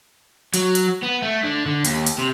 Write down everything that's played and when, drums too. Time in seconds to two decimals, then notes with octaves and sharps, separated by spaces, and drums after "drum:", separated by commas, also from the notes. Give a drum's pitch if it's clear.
0.54 F#3, drum: hi-hat
0.75 drum: hi-hat
1.03 B3
1.22 A3
1.44 D3
1.66 D3
1.85 D#2, drum: hi-hat
2.06 drum: hi-hat
2.18 C3